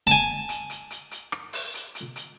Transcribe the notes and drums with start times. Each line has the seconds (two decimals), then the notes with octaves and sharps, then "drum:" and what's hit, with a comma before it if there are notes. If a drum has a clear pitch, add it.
0.07 G#5 A5, drum: hi-hat
0.49 drum: hi-hat
0.70 drum: hi-hat
0.90 drum: hi-hat
1.11 drum: hi-hat
1.32 drum: rim click
1.53 drum: open hi-hat
1.74 drum: hi-hat
1.95 drum: hi-hat
2.16 drum: hi-hat